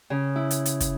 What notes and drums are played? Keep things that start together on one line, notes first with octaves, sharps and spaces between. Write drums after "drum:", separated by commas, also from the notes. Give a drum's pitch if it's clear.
C#3
E4
drum: hi-hat
drum: hi-hat
drum: kick, hi-hat